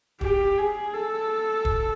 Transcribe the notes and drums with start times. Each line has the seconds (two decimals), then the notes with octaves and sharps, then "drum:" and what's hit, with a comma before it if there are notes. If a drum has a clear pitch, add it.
0.21 G4, drum: kick
0.58 G#4
0.94 A4
1.65 drum: kick